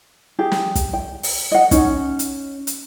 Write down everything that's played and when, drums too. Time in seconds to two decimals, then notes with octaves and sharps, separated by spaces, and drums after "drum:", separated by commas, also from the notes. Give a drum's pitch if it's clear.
0.39 G4 G#4
0.51 drum: snare
0.75 drum: kick, hi-hat
0.93 G5
1.23 drum: open hi-hat
1.52 D#5 F#5
1.71 C#4 D#4, drum: kick, hi-hat
2.19 drum: hi-hat
2.67 drum: hi-hat